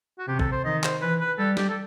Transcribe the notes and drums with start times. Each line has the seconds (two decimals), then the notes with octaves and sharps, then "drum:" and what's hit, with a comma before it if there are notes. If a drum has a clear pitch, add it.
0.19 F#4
0.27 C3 G4
0.39 A4, drum: kick
0.52 C5
0.64 D#3 D#5
0.83 C5, drum: clap
1.01 E3 B4
1.19 B4
1.38 G3 A4
1.57 G4, drum: snare
1.69 A4